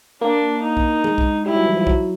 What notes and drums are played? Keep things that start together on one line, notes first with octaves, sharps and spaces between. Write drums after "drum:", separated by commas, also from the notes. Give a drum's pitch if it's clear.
A#3 D4
D#4
drum: kick
G#3, drum: tom F3
drum: kick
G3 E4
F#3
E3
F3
F#3, drum: kick